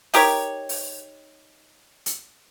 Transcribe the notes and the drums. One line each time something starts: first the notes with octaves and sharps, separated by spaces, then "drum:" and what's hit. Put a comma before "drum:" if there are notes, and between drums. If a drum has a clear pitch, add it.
D#4 G4 A#4 C#5, drum: open hi-hat
drum: open hi-hat
drum: hi-hat